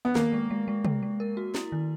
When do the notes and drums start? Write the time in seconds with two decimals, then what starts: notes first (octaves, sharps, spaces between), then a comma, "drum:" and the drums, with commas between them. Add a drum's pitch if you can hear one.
0.05 B3
0.15 D#3 A#3, drum: snare
0.33 G#3
0.51 G#3
0.68 G#3
0.85 G#3, drum: tom C3
1.03 G#3
1.20 A#4
1.37 F#4
1.55 E4, drum: snare
1.72 D#3